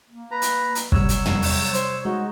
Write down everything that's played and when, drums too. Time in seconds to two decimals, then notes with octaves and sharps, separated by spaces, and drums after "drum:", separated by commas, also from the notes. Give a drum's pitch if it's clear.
0.10 A#3
0.31 B4 A#5
0.42 drum: hi-hat
0.75 drum: hi-hat
0.92 C3 F#3 G3 C#5 E6, drum: kick
1.09 drum: hi-hat
1.25 drum: tom
1.42 drum: open hi-hat
1.73 C5, drum: hi-hat
2.05 G#3 D#4 F#4